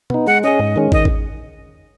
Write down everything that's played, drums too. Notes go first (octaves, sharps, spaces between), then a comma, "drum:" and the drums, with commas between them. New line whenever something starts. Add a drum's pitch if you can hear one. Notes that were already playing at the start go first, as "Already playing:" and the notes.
B3 D#4, drum: tom B2
G#3 F#5
C#4 G#4 D#5
G#2
D#3 G#3 C#4
D#3 D#5, drum: kick
drum: kick